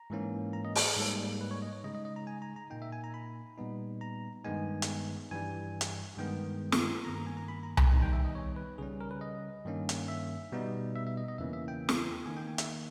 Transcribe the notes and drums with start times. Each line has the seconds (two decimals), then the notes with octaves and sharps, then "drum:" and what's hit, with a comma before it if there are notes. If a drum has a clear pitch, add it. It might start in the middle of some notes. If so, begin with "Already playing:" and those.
Already playing: A#5
0.10 G#2 E3 A#3 C#4
0.53 A#5
0.65 D#5
0.76 C#5, drum: open hi-hat
0.86 G#4
0.97 G#2 G3 A#3 D#4
1.41 B4
1.51 C#5
1.62 D#5
1.73 C#5
1.84 C#3 G#3 D#4 D#5
1.95 D#5
2.05 D#5
2.16 A#5
2.27 G#5
2.42 A#5
2.56 A#5
2.70 A#2 A#3 D#4 G5
2.82 E5
2.92 G#5
3.04 A#5
3.14 B5
3.58 A#2 G3 B3 D#4
4.01 A#5
4.44 G2 D#3 G#3 B3 D#4 G#5
4.82 drum: hi-hat
5.31 G2 E3 G3 G#5
5.81 drum: hi-hat
6.18 G2 D#3 G#3 B3 G5
6.72 drum: snare
7.05 G2 D#3 A#3 A#5
7.16 A#5
7.27 G#5
7.37 A#5
7.48 B5
7.63 A#5
7.77 B5, drum: tom C2
7.92 D#3 G3 B3 D#4 A#5
8.02 G5
8.13 E5
8.24 D#5
8.35 C#5
8.56 B4
8.78 C#3 G3 C#4 G#4
9.01 A#4
9.11 B4
9.21 D#5
9.65 G2 D#3 A#3 C#4
9.89 drum: hi-hat
10.08 E5
10.52 B2 G3 B3 D#4
10.95 E5
11.07 E5
11.17 D#5
11.28 D#5
11.38 E2 C#3 E3 A#3 C#4 E5
11.53 E5
11.68 G5
11.89 drum: snare
12.26 D#3 A#3 D#4 G#5
12.37 G5
12.47 G#5
12.58 E5, drum: hi-hat